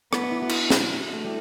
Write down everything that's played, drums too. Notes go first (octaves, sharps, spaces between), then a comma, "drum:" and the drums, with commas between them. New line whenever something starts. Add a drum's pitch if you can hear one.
B3 E4, drum: rim click
D4
E4
F#4
E4, drum: cymbal
drum: snare
E4 F#4
A3
G3